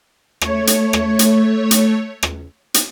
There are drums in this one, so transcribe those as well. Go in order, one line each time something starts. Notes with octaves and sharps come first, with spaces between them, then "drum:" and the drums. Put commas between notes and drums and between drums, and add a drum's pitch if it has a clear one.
A3 C#5, drum: rim click
drum: hi-hat
drum: rim click
drum: hi-hat
drum: hi-hat
drum: rim click
drum: hi-hat